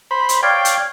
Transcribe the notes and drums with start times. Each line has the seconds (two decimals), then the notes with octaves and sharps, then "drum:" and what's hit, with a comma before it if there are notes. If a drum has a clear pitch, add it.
0.11 C5 B5
0.29 drum: hi-hat
0.43 C#5 D5 F5 G5
0.65 drum: hi-hat